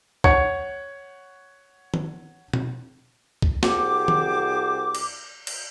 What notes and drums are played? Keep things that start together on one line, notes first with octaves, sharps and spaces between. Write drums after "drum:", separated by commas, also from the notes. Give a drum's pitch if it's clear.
C#5 F#5 C#6 G#6 C#7, drum: kick
drum: tom D#3
drum: tom B2
drum: kick
C2 F#4 G#4 C5 D6, drum: snare
drum: tom D#3
drum: cymbal
drum: cymbal